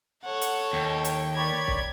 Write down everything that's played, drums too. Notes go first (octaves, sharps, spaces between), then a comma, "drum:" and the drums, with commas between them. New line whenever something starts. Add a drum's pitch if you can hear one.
A4 C#5 F#5
drum: hi-hat
D#2 G5
drum: hi-hat
A#4 C#5 D5 G5 B5 G#6
drum: kick